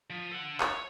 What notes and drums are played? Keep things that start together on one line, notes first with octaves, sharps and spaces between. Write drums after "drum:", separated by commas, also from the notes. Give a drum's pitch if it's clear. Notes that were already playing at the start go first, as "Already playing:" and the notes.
F3
A4 F#5
C#5, drum: clap